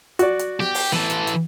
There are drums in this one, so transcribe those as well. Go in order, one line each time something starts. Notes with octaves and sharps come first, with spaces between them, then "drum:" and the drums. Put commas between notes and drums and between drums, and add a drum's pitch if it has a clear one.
F#4 D5, drum: hi-hat
drum: hi-hat
G4, drum: snare B3
drum: open hi-hat
E3 A4, drum: snare B3
drum: hi-hat
drum: hi-hat